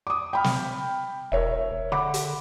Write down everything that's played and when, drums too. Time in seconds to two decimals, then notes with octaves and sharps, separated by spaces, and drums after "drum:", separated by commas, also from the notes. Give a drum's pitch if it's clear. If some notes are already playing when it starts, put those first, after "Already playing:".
0.07 D6 D#6
0.33 G5 B5 F6
0.44 drum: snare
1.32 E1 A#4 C#5 E5
1.92 D3 F#5 B5 D6
2.14 drum: hi-hat